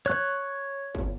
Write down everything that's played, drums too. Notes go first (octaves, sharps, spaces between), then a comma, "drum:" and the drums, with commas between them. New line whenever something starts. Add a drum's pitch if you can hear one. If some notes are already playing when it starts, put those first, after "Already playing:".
C#5 F#6
drum: kick G1